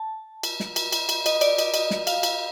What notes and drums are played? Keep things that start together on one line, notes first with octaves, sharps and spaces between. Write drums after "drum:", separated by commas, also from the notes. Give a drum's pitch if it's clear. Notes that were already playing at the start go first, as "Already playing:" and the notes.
Already playing: A5
drum: cymbal
drum: snare
drum: cymbal
drum: cymbal
drum: cymbal
D#5, drum: cymbal
D5, drum: cymbal
D#5, drum: cymbal
D#5, drum: cymbal
drum: snare
F5, drum: cymbal
drum: cymbal